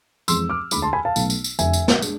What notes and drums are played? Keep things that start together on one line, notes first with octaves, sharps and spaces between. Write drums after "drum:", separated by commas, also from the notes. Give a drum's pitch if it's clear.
F2 E3 G#3 C4 C6 E6, drum: tambourine
D6 F6
D2 D3 G#3 B5 D6, drum: tambourine
A5 C6
G#5 B5
F5 A5
B1 B2 A3, drum: tambourine
drum: tambourine
drum: tambourine
F1 F2 D3 E5 G#5, drum: tambourine
drum: tambourine
drum: snare
G#3 D4, drum: tambourine